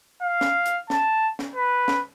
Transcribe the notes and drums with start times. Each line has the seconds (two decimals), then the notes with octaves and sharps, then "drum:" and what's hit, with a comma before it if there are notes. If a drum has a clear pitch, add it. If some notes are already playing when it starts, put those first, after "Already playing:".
0.22 F5
0.41 drum: snare
0.66 drum: hi-hat
0.90 A5, drum: snare
1.39 drum: snare
1.56 B4
1.88 drum: snare